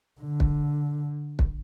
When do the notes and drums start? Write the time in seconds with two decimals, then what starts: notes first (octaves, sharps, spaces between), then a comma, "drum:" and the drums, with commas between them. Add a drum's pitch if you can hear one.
0.21 D3
0.40 drum: kick
1.39 drum: kick